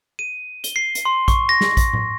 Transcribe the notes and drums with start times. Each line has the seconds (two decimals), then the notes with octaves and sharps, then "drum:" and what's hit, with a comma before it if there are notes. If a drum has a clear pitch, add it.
0.19 D#7
0.64 G7, drum: hi-hat
0.76 C7
0.95 drum: hi-hat
1.05 C6
1.28 C#6, drum: kick A#1, hi-hat
1.49 A#6
1.61 drum: snare
1.77 drum: kick A#1, hi-hat
1.93 drum: tom A2